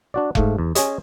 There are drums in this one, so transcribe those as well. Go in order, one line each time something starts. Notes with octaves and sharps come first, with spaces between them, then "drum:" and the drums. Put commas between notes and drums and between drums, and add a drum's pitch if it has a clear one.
D4 F#4 D5
G#2 A3 F5, drum: kick F1
E2
C#4 G#4 C#5 D#5, drum: hi-hat